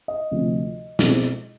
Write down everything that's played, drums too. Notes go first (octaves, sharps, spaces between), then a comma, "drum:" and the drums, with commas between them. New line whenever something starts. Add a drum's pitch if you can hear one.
D#5
D2 C3 F3
B2 G#3 C4 E4, drum: snare